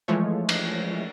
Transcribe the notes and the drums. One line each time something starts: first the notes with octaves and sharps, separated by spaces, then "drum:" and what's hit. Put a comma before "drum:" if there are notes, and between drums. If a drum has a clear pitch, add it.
E3 F3 G#3 A3 C#5
drum: cymbal